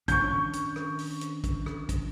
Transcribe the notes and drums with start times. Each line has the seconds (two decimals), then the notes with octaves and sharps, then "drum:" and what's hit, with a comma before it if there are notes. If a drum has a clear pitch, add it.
0.08 D#3 C#4 D4 C#6 G6, drum: kick, hi-hat
0.31 drum: tom
0.53 drum: hi-hat
0.76 drum: rim click
0.99 drum: open hi-hat
1.21 drum: hi-hat
1.44 drum: kick, hi-hat
1.66 drum: rim click
1.89 drum: kick, hi-hat